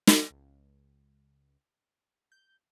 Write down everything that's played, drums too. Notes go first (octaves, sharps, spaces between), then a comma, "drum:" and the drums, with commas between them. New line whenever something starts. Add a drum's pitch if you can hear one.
drum: snare
C#2
G6